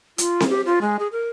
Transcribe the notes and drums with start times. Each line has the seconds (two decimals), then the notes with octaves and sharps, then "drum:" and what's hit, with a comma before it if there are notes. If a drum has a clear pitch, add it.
0.18 F4, drum: hi-hat
0.40 drum: snare C4
0.50 G4
0.66 F4
0.82 G#3
0.99 G#4
1.12 A#4